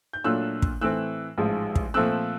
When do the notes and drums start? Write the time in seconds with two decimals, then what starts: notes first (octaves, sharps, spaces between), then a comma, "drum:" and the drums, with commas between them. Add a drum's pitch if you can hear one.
0.13 G6
0.24 A#2 F#3 A3 D4 F4 E6 F#6
0.62 drum: kick
0.81 A2 E3 A3 C4 E6 F#6
1.38 A1 G#2 F3 G#3
1.76 drum: kick
1.94 A#2 F3 A3 C4 E6 F#6